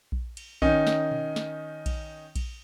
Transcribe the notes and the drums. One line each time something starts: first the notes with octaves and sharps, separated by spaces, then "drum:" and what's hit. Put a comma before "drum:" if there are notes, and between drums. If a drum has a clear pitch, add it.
drum: kick A#1
drum: cymbal
D#3 C#4 D#4, drum: kick A#1
drum: snare
drum: tom B2
drum: snare
drum: kick A#1, cymbal
drum: kick A#1, cymbal